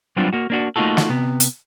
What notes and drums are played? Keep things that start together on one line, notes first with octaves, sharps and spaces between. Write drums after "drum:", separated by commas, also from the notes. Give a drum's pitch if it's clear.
F#3 G3 B3 C4 D4 F4
A#3 F#4
A#3 D4 F#4
A3 A#3 D#4 F4 F#4 A4
drum: snare
C3 B3
drum: hi-hat